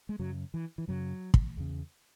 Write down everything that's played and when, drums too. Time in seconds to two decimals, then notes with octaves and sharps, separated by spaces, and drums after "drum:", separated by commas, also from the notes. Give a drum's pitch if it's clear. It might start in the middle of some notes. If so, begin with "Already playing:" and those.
0.09 G#3
0.19 F#2 C#3 F#3
0.54 E3
0.78 E3
0.88 F#2 C#3 F#3
1.34 drum: kick
1.57 E2 C#3